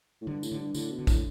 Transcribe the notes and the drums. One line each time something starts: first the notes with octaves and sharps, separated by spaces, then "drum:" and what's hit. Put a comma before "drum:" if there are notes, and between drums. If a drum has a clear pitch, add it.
A2
G2 D3
A2, drum: tambourine
D3
G2
A2 D3, drum: tambourine
B2
D3
A2, drum: kick, tambourine